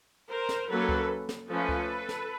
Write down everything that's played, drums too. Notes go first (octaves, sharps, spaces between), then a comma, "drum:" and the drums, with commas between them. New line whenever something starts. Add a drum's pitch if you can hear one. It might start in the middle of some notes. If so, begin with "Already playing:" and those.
A#4 C5
drum: snare
F#3 A#3 C#4 A4 B4
drum: kick C#2
drum: snare
F3 A3 C#4 A4 B4
drum: kick C#2
drum: snare